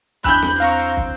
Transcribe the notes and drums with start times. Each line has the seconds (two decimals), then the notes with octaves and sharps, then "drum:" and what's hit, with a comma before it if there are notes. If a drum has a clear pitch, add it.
0.24 E2 D4 B5 E6 F#6 G6, drum: kick, hi-hat
0.42 drum: snare
0.60 C4 F5 A#5 C#6, drum: hi-hat
0.79 drum: hi-hat
0.97 drum: kick